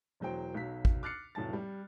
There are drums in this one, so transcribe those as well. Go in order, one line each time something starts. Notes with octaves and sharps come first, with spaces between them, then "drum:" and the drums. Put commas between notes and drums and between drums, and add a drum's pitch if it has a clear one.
E1 E2 F#3 C5 G5
B1 F#3 B6
drum: kick A1
D6 F6 F#6 A6 C7 C#7
F1 A2 F#3 A5 A6
G3